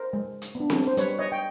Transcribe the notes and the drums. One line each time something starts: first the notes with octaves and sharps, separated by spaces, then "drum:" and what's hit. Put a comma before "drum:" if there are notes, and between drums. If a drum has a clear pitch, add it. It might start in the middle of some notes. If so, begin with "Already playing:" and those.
Already playing: A#4 C5
G#3
drum: hi-hat
B3
D4
drum: snare C4
C5
G3 B4 C#5, drum: hi-hat
C#5 D#5
G5